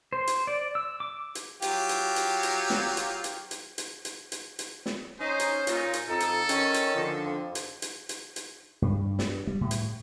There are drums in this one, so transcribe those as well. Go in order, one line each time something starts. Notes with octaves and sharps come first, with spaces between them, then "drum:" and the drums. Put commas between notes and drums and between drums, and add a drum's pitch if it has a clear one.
C5
drum: hi-hat
D5
E6
D6
drum: hi-hat
F#3 F4 G4, drum: hi-hat
drum: hi-hat
drum: hi-hat
drum: hi-hat
drum: snare
drum: hi-hat
drum: hi-hat
drum: hi-hat
drum: hi-hat
drum: hi-hat
drum: hi-hat
drum: hi-hat
drum: snare
C#4 D#4 C5
drum: hi-hat
A#2 D#4 F4, drum: hi-hat
drum: hi-hat
F2 D#4 A4
drum: hi-hat
D#3 C#4, drum: hi-hat
drum: hi-hat
D3 F3
F2
drum: hi-hat
drum: hi-hat
drum: hi-hat
drum: hi-hat
G2
G2, drum: snare
G3
A2
drum: hi-hat